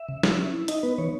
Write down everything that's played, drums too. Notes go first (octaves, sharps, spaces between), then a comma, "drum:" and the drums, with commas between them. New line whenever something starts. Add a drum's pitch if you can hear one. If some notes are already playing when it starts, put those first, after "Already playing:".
Already playing: E5
C#3
E4, drum: snare
C#4
E4
D#4 D#5, drum: hi-hat
B3 B4
E3 C#5